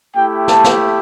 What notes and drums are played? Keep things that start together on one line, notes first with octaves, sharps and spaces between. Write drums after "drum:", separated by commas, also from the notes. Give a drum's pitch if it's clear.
A3 E4 G4 G5
A5, drum: snare
drum: snare